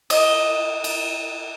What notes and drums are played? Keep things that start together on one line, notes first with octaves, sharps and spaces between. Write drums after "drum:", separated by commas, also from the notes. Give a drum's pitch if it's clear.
D#5, drum: cymbal
drum: cymbal